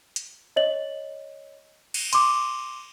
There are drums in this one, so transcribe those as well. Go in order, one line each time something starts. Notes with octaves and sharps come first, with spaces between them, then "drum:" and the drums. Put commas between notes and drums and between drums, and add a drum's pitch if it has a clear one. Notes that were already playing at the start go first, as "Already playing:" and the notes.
drum: hi-hat
C#5 D#5 F#7
drum: cymbal
C6 D6, drum: hi-hat